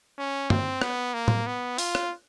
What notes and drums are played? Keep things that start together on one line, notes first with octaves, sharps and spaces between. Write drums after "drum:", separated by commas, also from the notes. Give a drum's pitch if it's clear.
C#4
C4, drum: tom
B3, drum: rim click
A#3
drum: tom A2
B3
F4, drum: open hi-hat
drum: rim click